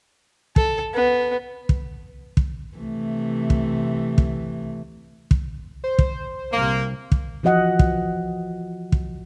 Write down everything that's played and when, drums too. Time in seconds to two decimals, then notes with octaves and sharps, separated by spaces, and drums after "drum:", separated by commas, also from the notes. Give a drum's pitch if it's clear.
0.56 A4, drum: kick
0.94 B3
1.69 drum: kick
2.37 drum: kick
2.77 C3 E3 A3
3.50 drum: kick
4.18 drum: kick
5.31 drum: kick
5.84 C5
5.99 drum: kick
6.52 C2 C3 A#3
7.12 drum: kick
7.43 E3 F3 F#4 D#5 F#5
7.79 drum: kick
8.92 drum: kick